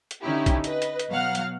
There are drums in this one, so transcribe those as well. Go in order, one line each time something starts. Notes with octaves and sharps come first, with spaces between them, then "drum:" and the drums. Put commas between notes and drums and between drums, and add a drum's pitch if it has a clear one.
drum: hi-hat
D3 C#4 D#4 E4 G4
drum: kick, hi-hat
B4 D#5, drum: hi-hat
drum: hi-hat
drum: hi-hat
B2 F#3 F5 F#5 F6
drum: hi-hat